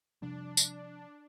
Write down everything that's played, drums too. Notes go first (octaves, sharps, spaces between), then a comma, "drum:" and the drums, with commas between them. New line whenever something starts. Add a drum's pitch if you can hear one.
C3 F3 G3 D4
drum: tambourine